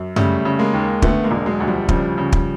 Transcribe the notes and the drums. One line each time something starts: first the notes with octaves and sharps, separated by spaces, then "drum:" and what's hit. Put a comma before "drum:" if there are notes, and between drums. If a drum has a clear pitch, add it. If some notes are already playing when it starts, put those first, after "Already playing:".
Already playing: F#2
C#3 G3 A3, drum: tom F#2
C#3
G#3 A#3
D#2
D3 A3 B3, drum: kick
G#3 A#3
E1
F#3 G#3
D2
F3 G3
C#3 F3 G3, drum: kick
C#3
drum: kick